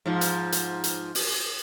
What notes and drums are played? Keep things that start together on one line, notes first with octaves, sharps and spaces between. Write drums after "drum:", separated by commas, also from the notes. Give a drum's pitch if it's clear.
G#2 F3
drum: hi-hat
drum: hi-hat
drum: hi-hat
drum: open hi-hat